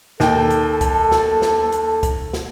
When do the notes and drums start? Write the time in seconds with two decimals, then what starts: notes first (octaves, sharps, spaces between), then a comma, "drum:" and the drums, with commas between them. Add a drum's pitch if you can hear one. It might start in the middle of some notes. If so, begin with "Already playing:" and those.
0.20 D#2 A4 G5, drum: snare
0.50 drum: hi-hat
0.81 drum: kick, hi-hat
1.11 drum: snare
1.42 drum: snare
1.72 drum: hi-hat
2.03 drum: kick, hi-hat
2.33 drum: snare